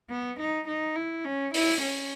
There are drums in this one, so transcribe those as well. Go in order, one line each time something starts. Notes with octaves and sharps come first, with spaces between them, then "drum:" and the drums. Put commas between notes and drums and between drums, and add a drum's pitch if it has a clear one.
B3
D#4
D#4
E4
C#4
E4, drum: open hi-hat
C#4